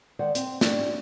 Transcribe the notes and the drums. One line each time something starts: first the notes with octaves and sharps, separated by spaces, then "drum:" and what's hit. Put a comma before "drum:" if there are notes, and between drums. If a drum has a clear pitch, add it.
D#3 G#3 C5 D5 F#5
C4, drum: hi-hat
C#4 D4 G4, drum: snare